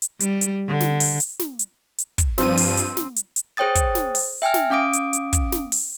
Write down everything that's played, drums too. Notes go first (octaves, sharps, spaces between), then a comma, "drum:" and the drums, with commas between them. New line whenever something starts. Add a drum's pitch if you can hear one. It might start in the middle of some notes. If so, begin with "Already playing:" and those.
drum: hi-hat
G3, drum: hi-hat
drum: hi-hat
D3
drum: snare
drum: open hi-hat
drum: hi-hat
drum: snare
drum: hi-hat
drum: hi-hat
drum: kick, hi-hat
G2 F3 C4 D#7, drum: snare
drum: open hi-hat
drum: hi-hat
drum: snare
drum: hi-hat
drum: hi-hat
G#4 C5 C#5 G5 D#6 A6
drum: kick, hi-hat
drum: snare
drum: open hi-hat
E5 G5 G#5 F6
drum: snare
C#4 F5 D6 D#6 D7
drum: hi-hat
drum: hi-hat
drum: kick, hi-hat
drum: snare
drum: open hi-hat